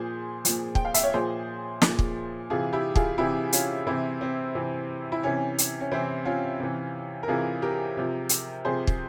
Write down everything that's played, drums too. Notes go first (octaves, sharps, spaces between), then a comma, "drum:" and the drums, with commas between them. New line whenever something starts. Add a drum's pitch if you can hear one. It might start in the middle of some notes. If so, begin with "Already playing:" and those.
Already playing: A#2 F3 G#4 C5
A#2 F3, drum: hi-hat
G5, drum: kick
F5
E5, drum: hi-hat
C#5
A#2 F3 G#4 C5
A#2 F3, drum: snare
drum: kick
C3 E3 F4 G#4
E4 G4
F4 G#4, drum: kick
C3 E3 E4 G4
C#4 F4, drum: hi-hat
C3 E3 C4 E4
C4
C3 E3
E4
C3 E3 C#4
drum: hi-hat
C#4
C3 E3 C4 E4
C#4 F4
C3 E3
A#4
C3 E3 F4 G#4
G4 A#4
C3 F3
drum: hi-hat
C3 F3 G#4 C5
drum: kick